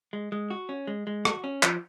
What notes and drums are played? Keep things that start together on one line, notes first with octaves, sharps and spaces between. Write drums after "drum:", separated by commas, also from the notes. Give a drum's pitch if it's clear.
G#3
G#3
F#4
C#4
G#3
G#3
F#4, drum: rim click
C#4
F3, drum: clap